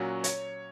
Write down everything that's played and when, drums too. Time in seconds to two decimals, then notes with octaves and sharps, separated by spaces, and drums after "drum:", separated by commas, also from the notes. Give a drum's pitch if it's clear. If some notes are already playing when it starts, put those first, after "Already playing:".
Already playing: A#2 F#3 C#4 F#4
0.24 C#5, drum: hi-hat